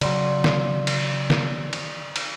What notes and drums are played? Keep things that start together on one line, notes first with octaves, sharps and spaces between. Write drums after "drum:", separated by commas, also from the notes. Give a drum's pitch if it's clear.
C#3 F#3 D5 C6, drum: cymbal
drum: snare
drum: cymbal
drum: snare
drum: cymbal
drum: cymbal